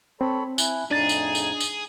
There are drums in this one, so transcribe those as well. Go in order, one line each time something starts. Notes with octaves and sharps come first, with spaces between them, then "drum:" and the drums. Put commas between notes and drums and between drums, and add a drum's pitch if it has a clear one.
C4 A4 C#5 B5
E4 G#5 F#6, drum: tambourine
F2 A2 D4 D#4 G#4 A6
drum: tambourine
drum: tambourine
drum: tambourine